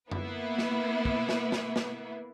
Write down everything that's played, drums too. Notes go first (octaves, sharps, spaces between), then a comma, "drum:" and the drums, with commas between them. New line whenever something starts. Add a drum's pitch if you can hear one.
A#3 B3 E4 B4, drum: tom F#2
drum: snare
drum: kick
drum: snare
drum: snare
drum: snare